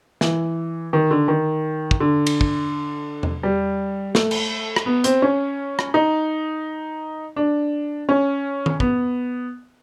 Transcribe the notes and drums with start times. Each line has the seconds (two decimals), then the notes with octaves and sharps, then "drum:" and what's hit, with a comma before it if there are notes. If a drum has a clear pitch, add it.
0.21 E3, drum: snare
0.93 D#3
1.11 D3
1.28 D#3
1.91 drum: kick
2.00 D3
2.26 drum: cymbal
2.41 drum: kick
3.23 drum: tom E2
3.43 G3
4.15 A3, drum: snare
4.31 drum: cymbal
4.76 drum: rim click
4.86 B3
5.04 C4, drum: hi-hat
5.22 C#4
5.79 drum: rim click
5.94 D#4
7.36 D4
8.09 C#4
8.66 drum: tom D#3
8.80 B3, drum: kick